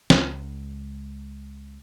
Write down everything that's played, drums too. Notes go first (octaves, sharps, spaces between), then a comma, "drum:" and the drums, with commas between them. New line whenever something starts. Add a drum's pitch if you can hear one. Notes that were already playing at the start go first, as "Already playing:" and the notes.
C#2 G#3, drum: snare